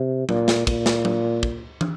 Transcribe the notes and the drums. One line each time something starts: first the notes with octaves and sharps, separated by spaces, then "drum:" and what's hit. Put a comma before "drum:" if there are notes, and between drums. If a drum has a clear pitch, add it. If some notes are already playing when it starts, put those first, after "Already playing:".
Already playing: C3
A#2, drum: tom F#3
drum: snare
A#2, drum: kick, cymbal
drum: snare
drum: tom F#3
drum: kick
drum: tom